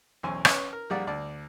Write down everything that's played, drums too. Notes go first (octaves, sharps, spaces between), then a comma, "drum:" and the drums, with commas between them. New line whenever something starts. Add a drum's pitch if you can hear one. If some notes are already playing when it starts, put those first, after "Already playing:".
B1 E2 C#4 C5 G#5 C#6
C#4 B4 C#5, drum: rim click
A#4
A#1 G3 A#3 G#4 D5 F#5
D2 D5 A5